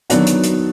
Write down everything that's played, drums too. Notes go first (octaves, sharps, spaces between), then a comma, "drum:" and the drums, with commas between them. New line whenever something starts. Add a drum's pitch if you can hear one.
D#3 F#3 B3 D4 F#4, drum: hi-hat
drum: hi-hat
drum: hi-hat